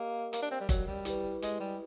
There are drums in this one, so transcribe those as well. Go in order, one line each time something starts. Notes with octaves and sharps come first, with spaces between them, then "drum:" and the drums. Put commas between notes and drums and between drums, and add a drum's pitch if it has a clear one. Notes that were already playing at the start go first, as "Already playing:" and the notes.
Already playing: A#3 G4 A#4 D#5
A#3, drum: hi-hat
D4
C4
G3
F#3, drum: kick, hi-hat
G3
E4 G4 B4, drum: hi-hat
G#3, drum: hi-hat
G3